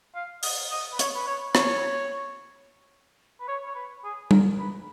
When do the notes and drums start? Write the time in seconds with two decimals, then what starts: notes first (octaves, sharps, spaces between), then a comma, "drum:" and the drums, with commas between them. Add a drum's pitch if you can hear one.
0.15 F5
0.43 D#5, drum: open hi-hat
0.71 D#5
0.93 B4
0.99 C#5, drum: hi-hat
1.15 B4
1.27 C#5
1.55 C#5, drum: rim click
3.40 B4
3.48 C#5
3.66 C#5
3.75 B4
4.04 G#4
4.31 A#4, drum: tom G3
4.59 B4